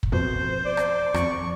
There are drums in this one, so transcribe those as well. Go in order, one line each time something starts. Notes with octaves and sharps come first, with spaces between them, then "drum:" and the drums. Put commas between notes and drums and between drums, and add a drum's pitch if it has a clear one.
drum: kick
F2 B2 C5
D5
drum: rim click
F2 C#6, drum: rim click